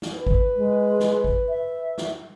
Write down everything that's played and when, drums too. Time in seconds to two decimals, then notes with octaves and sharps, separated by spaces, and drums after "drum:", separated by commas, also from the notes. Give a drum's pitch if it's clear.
0.02 drum: snare
0.14 B4
0.27 drum: kick
0.56 G#3
1.00 drum: snare
1.24 drum: kick
1.49 E5
1.98 drum: snare